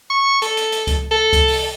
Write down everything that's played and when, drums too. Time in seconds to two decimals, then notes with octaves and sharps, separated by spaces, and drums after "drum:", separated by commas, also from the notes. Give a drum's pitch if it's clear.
0.10 C#6
0.42 A4, drum: hi-hat
0.57 drum: hi-hat
0.72 drum: hi-hat
0.87 drum: kick C#2, hi-hat
1.11 A4
1.33 drum: kick C#2, hi-hat
1.48 drum: open hi-hat